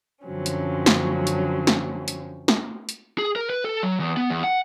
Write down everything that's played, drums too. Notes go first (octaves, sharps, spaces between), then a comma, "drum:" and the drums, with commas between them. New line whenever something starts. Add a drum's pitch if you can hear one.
F#2 D3 F3 F#3 C4 C#4
drum: hi-hat
drum: snare
drum: hi-hat
drum: snare
drum: hi-hat
drum: snare
drum: hi-hat
G#4
A#4
B4
A4
F#3
E2
B3
E2
F#5